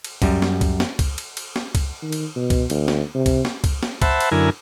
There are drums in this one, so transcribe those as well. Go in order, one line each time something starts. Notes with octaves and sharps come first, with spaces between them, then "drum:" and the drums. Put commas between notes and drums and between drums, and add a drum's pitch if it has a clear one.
drum: cymbal
F#2 G3, drum: kick C#2, cymbal
drum: snare
drum: kick C#2, cymbal
drum: snare
drum: kick C#2, cymbal
drum: cymbal
drum: cymbal
drum: snare
drum: kick C#2, cymbal
D#3
drum: cymbal
B2
drum: kick C#2, cymbal
D2, drum: cymbal
drum: snare
C3
drum: kick C#2, cymbal
drum: snare
drum: kick C#2, cymbal
drum: snare
C5 E5 F#5 A5 B5, drum: kick C#2, cymbal
drum: cymbal
F#2 D3 E4 A#4 G#5